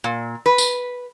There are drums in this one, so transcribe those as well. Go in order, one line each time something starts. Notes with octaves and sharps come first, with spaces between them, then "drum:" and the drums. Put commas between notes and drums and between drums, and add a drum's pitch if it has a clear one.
A#2
B4
drum: tambourine